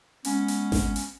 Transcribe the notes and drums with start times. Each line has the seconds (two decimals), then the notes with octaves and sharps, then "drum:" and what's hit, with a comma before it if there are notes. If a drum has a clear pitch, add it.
0.25 G#3 B3 C#4, drum: hi-hat
0.48 drum: hi-hat
0.72 drum: snare G#1
0.96 drum: hi-hat